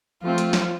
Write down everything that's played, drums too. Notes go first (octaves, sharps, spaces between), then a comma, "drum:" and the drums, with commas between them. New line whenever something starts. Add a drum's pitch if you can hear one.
F3 A3 C4 F4
drum: hi-hat
drum: snare